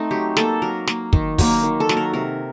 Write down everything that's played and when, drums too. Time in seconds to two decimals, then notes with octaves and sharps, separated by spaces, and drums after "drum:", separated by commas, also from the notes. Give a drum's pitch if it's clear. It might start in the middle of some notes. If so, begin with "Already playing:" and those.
Already playing: A3 C4 D#4
0.11 F#3 G4
0.37 A#3 A4, drum: snare
0.62 F#3 A#4
0.88 A#3, drum: snare
1.13 D#3, drum: kick
1.38 F#3 A#3, drum: kick, open hi-hat
1.63 D#3
1.80 A4
1.89 F#3 A#3, drum: snare
1.97 A#4
2.13 C3 A#4